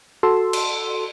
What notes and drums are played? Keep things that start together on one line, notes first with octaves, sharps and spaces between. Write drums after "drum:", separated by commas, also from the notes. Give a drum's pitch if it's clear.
F#4 A4 A5 C6 E6
drum: cymbal